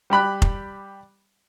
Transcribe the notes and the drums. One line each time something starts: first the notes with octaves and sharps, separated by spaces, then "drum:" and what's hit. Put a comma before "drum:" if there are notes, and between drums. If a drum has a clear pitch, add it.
G3 G4 B5 F#6
drum: kick F1